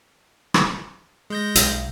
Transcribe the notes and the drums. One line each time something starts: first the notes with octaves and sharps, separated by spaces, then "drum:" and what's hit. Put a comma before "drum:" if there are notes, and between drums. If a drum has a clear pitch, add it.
drum: rim click
G#3 G6 A#6
B1, drum: hi-hat